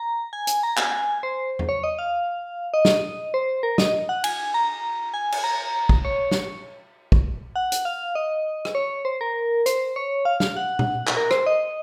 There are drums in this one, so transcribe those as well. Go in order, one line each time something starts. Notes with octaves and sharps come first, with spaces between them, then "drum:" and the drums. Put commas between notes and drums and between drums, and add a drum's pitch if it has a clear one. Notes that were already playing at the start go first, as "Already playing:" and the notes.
Already playing: A#5
G#5
drum: hi-hat
A#5
G#5, drum: clap
C5
drum: tom E2
C#5
D#5
F5
D#5
drum: snare
C5
A#4
D#5, drum: snare
F#5
G#5, drum: cymbal
A#5
G#5
drum: cymbal
A#5
drum: kick
C#5
drum: snare
drum: kick
F#5
drum: hi-hat
F5
D#5
drum: rim click
C#5
C5
A#4
C5, drum: hi-hat
C#5
F5
F5, drum: snare
F#5
drum: tom A#2
drum: clap
A#4
C5, drum: rim click
D#5